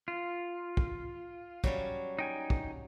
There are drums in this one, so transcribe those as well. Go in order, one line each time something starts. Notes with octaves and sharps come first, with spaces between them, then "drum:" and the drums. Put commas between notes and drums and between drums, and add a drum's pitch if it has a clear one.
F4
drum: kick
F#3 G3 C#4, drum: kick
D#4 G5 G#5
drum: kick